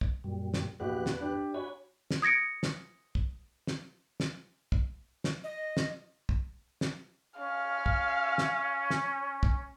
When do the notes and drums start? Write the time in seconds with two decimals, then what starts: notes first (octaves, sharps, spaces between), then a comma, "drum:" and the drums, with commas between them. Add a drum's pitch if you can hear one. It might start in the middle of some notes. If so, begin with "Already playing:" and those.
0.01 drum: kick
0.24 F#2 A#2 G3
0.54 drum: snare
0.80 A#1 E2 F#4 G4 B4 F#6
1.06 drum: snare
1.21 D4 G4
1.54 F#4 C#5 G#5 B5
2.11 drum: snare
2.22 D#6 G#6 A#6 C#7 D7
2.63 drum: snare
3.15 drum: kick
3.67 drum: snare
4.20 drum: snare
4.72 drum: kick
5.24 drum: snare
5.44 D#5
5.77 drum: snare
6.29 drum: kick
6.81 drum: snare
7.39 C#4 F5
7.86 drum: kick
8.38 drum: snare
8.90 drum: snare
9.43 drum: kick